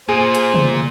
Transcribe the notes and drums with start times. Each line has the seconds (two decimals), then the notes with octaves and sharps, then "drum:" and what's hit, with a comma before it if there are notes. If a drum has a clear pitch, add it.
0.09 A#2 G#4 C5
0.35 drum: hi-hat
0.54 drum: tom